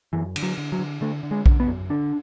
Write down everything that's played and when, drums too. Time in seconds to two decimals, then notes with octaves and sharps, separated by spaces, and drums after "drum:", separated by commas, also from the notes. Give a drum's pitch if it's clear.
0.13 F#2 E3
0.36 D3, drum: cymbal
0.42 F#3
0.58 D3
0.72 F#3
0.79 D3
1.01 D3 A3
1.23 D3
1.31 G#3
1.46 D3, drum: kick A#1
1.60 B3
1.68 F#2
1.90 D3 D4